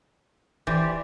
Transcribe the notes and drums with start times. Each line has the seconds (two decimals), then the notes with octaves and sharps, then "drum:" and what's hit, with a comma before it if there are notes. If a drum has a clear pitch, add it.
0.67 E3 G4 C5 D5, drum: kick D1